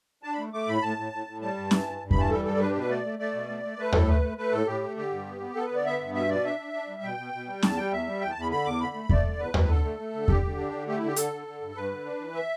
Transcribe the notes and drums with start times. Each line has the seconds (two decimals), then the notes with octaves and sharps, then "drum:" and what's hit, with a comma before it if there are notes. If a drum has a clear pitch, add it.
0.23 D4 A5
0.33 B5
0.38 A3
0.53 A3 D6
0.68 A2 B5
0.82 A2 A5
0.97 A2
1.13 A2
1.27 A2
1.41 G3 A5
1.57 G2
1.71 E3, drum: snare C#4
1.86 G2
2.01 G2
2.11 B5, drum: kick E2
2.16 E3 A5
2.30 G3 A4
2.45 G2 A4
2.53 D5
2.60 D4 B4
2.69 G4
2.75 B2 B4
2.89 A3 D5
3.05 A3
3.19 A3 D5
3.34 B2
3.49 A3
3.63 A3
3.78 A3 B4
3.92 A2 A4, drum: tom D#2
4.07 A3 B4
4.22 A3
4.37 A3 B4
4.52 A2 A4
4.67 A2 G4
4.82 A3
4.96 D3 G4
5.11 G2
5.26 B3
5.40 B3
5.55 B3 A4
5.65 D3 B4
5.75 D5
5.85 B3 E5
6.00 G2
6.14 B2 E5
6.29 B2 D5
6.44 D4 E5
6.59 D4
6.73 D4
6.88 G3
7.03 B2 G5
7.17 B2
7.33 B2
7.47 G3
7.62 E2 A5, drum: snare C#4
7.77 G3 G5
7.91 E2 E5
8.07 G3
8.21 E2 G5
8.31 A5
8.36 E2 B5
8.50 D3 B5
8.65 E2 D6
8.81 D3 B5
8.95 A3
9.09 A3 D5, drum: kick E2
9.25 D3
9.39 E2 B4
9.54 E2, drum: tom D#2
9.69 D3 A4
9.84 A3
9.99 A3
10.14 D3
10.28 D3 G4, drum: kick E2
10.43 D3
10.57 D4
10.72 D3
10.87 A3 G4
10.97 D3 E4
11.07 G4
11.16 D3 A4, drum: hi-hat
11.32 D3
11.47 D3
11.61 G2
11.75 G2 B4
11.91 D3
12.05 D4
12.20 E3
12.34 E5